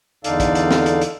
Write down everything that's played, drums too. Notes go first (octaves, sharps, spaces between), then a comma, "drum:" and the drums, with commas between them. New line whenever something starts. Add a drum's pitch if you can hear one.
E2 D3 D#4 A4 D5 F5, drum: hi-hat
drum: kick, hi-hat
drum: hi-hat
drum: snare
drum: hi-hat
drum: hi-hat